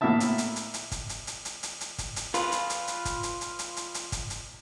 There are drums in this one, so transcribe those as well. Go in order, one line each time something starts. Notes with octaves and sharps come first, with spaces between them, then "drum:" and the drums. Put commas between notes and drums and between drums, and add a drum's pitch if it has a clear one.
A2 A#3 B3 E4 E5 A5
drum: hi-hat
drum: hi-hat
drum: hi-hat
drum: hi-hat
drum: kick, hi-hat
drum: hi-hat
drum: hi-hat
drum: hi-hat
drum: hi-hat
drum: hi-hat
drum: kick, hi-hat
drum: hi-hat
F4 B4, drum: hi-hat
drum: hi-hat
drum: hi-hat
drum: hi-hat
drum: kick, hi-hat
drum: hi-hat
drum: hi-hat
drum: hi-hat
drum: hi-hat
drum: hi-hat
drum: kick, hi-hat
drum: hi-hat